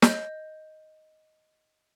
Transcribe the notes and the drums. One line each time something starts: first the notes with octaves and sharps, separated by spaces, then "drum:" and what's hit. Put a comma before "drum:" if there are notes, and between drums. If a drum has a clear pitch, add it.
D#5 G6, drum: snare